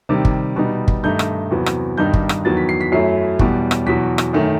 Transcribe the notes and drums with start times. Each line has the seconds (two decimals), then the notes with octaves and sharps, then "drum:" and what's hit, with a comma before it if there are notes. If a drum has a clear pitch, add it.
0.09 C3 D#3 G3
0.25 drum: kick
0.56 B2 G3 B3 D#4
0.88 drum: kick
1.03 G2 D#3 A3 D#4 G6
1.19 drum: rim click
1.51 E2 C3 F#3 B3
1.66 drum: rim click
1.97 G2 D#3 G3 D#4 G6
2.14 drum: kick
2.29 drum: rim click
2.45 E2 D#3 F#3 B3 A6
2.57 B6
2.69 C7
2.81 B6
2.92 F#2 F#3 A3 E4 C7
3.39 E2 B2 G3, drum: kick
3.71 drum: rim click
3.86 E2 B2 F#3 B6
4.18 drum: rim click
4.33 F#2 D#3 A3